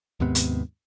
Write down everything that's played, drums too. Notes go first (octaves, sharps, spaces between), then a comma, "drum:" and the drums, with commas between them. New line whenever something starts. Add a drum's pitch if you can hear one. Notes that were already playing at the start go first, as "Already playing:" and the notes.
D#2 G#2 C3 B3
drum: hi-hat